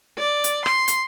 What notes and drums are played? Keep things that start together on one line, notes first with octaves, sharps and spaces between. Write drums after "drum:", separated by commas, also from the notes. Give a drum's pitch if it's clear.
D5
drum: hi-hat
C6, drum: rim click
drum: hi-hat